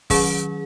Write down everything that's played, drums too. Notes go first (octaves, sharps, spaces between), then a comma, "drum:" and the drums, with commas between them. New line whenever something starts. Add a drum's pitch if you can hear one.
D#3 F#3 C#4 G#4, drum: kick, open hi-hat